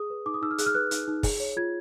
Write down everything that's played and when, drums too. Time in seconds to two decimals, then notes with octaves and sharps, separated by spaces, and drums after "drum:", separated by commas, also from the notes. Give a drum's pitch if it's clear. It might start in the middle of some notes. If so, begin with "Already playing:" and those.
Already playing: G#4 D#6
0.10 B4
0.26 D#4 D6
0.34 D#6
0.42 D#4 E6
0.51 F6
0.58 G#4 F#6, drum: hi-hat
0.66 F6
0.74 B4 F#6
0.91 D#4, drum: hi-hat
1.08 D#4
1.23 G#4, drum: kick, open hi-hat
1.40 C#5
1.57 F4 G#6